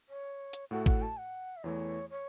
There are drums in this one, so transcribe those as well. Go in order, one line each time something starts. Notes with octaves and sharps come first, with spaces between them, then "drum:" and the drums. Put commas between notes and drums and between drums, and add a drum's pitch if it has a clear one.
C#5
drum: hi-hat
A2 A3 F#4 A4 F#5
F#5, drum: kick
A5
F#5
E5
E2 E3 A3 C#5
C#5